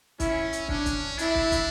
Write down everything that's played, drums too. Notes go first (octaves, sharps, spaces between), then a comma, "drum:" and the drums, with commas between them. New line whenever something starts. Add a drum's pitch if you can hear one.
C#4 E4, drum: kick, hi-hat
drum: hi-hat
C#4 D4, drum: kick
drum: kick, hi-hat
D4 E4, drum: hi-hat
drum: kick
drum: kick, hi-hat